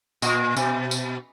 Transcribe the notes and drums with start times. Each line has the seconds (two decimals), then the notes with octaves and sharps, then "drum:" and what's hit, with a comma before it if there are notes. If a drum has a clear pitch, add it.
0.22 A#2, drum: tambourine
0.57 B2, drum: tambourine
0.91 drum: tambourine